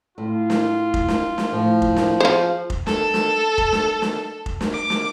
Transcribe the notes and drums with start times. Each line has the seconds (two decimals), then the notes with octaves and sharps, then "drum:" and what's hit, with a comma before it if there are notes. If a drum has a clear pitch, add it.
0.18 A2 F4
0.50 drum: snare
0.94 drum: kick F1
1.08 drum: snare
1.38 drum: snare
1.52 A2 F3
1.82 drum: kick F1
1.96 drum: snare
2.20 F4 G#4 C5
2.70 drum: kick F1
2.87 A4, drum: snare
3.14 drum: snare
3.58 drum: kick F1
3.73 drum: snare
4.02 drum: snare
4.46 drum: kick F1
4.61 drum: snare
4.73 D6
4.90 drum: snare